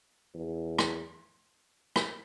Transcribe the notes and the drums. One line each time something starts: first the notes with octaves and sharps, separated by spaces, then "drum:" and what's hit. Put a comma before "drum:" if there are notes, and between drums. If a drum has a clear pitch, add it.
E2
drum: rim click
drum: rim click